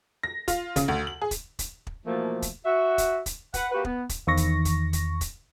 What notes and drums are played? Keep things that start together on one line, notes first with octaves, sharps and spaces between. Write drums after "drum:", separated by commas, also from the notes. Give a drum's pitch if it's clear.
A#6
F4, drum: kick, hi-hat
C#3, drum: kick, hi-hat
D2
F#7
G#4
drum: kick, hi-hat
drum: kick, hi-hat
drum: kick
B2 E3 F3 A3 A#3
drum: kick, hi-hat
F#4 E5
drum: kick, hi-hat
drum: kick, hi-hat
B4 F#5, drum: kick, hi-hat
A#3 F#4 G4 B4
B3, drum: kick
drum: kick, hi-hat
E2 D#3 C#6 A#6
drum: kick, hi-hat
drum: kick, hi-hat
drum: kick, hi-hat
drum: kick, hi-hat